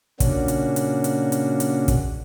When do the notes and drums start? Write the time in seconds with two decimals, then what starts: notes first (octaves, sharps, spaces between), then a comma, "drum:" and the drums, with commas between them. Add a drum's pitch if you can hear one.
0.20 A#2 C#3 A#3 C#4 D4 F#4, drum: kick, hi-hat
0.48 drum: hi-hat
0.76 drum: hi-hat
1.04 drum: hi-hat
1.32 drum: hi-hat
1.60 drum: hi-hat
1.88 drum: kick, hi-hat